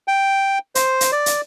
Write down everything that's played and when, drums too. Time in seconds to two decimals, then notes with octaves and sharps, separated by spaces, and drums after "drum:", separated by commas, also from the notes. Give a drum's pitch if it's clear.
0.08 G5
0.75 C5, drum: hi-hat
1.01 drum: hi-hat
1.12 D5
1.26 drum: hi-hat